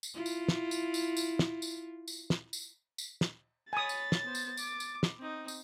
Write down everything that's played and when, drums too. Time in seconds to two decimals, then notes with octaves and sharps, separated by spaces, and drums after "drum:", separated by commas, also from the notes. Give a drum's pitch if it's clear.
0.03 drum: tambourine
0.14 E4 F4
0.26 drum: tambourine
0.48 drum: snare
0.71 drum: tambourine
0.94 drum: tambourine
1.17 drum: tambourine
1.39 drum: snare
1.62 drum: tambourine
2.08 drum: tambourine
2.30 drum: snare
2.53 drum: tambourine
2.98 drum: tambourine
3.21 drum: snare
3.73 C#5 G#5 B5 D#6 A6
3.89 drum: tambourine
4.12 drum: snare
4.22 B3 C5
4.35 drum: tambourine
4.57 D6, drum: tambourine
4.80 drum: tambourine
5.03 drum: snare
5.17 C4 D#4
5.48 drum: tambourine